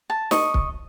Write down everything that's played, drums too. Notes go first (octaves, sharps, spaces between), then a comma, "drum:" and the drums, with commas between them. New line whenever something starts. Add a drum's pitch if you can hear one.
A5
D#5 C#6, drum: snare
drum: kick